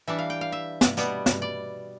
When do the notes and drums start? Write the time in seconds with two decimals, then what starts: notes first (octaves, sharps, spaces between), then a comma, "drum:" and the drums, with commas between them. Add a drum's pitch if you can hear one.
0.07 E3 G3 D4 E5
0.19 F5
0.30 G5
0.41 F5
0.52 E5
0.81 drum: snare
0.97 B2 G3 B3, drum: hi-hat
1.26 drum: snare
1.42 D5